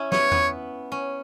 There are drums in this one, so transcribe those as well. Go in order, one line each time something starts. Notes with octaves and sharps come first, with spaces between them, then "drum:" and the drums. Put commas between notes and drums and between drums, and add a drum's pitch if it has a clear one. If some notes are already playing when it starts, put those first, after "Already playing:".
Already playing: C#4 E4
B3 C#5, drum: snare
B3, drum: tom E2
C#4